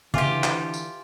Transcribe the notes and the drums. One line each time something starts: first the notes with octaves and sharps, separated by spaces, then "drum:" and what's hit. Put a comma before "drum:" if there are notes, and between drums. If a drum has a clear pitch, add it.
D3 E3 F4 G4 E5 G#5 D6, drum: tom C#3
drum: clap
drum: tambourine